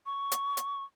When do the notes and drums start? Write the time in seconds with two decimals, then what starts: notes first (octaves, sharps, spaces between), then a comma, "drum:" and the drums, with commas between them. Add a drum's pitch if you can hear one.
0.06 C#6
0.32 drum: hi-hat
0.57 drum: hi-hat